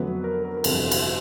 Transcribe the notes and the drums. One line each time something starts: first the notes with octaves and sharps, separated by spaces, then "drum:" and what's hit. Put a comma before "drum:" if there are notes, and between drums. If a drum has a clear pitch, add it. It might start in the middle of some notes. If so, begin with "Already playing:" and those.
Already playing: F2 D3 F#3 A3 B3 B4
A#4
A#4
A#4
G1 F2 C3 E3 G3 A4, drum: cymbal
drum: cymbal